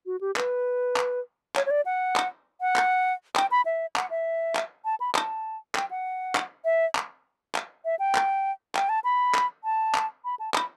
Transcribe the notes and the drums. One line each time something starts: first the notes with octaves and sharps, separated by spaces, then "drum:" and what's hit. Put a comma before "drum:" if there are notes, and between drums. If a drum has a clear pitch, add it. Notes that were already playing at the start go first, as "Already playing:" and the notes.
F#4
G4
B4, drum: clap
drum: clap
C#5, drum: clap
C#5
D5
F#5
drum: clap
F#5
drum: clap
G5, drum: clap
B5
E5
F#5, drum: clap
E5
drum: clap
A5
B5
A5, drum: clap
G5, drum: clap
F#5
drum: clap
E5
drum: clap
drum: clap
E5
G5
drum: clap
G5, drum: clap
A5
B5
drum: clap
A5
drum: clap
B5
A5
B5, drum: clap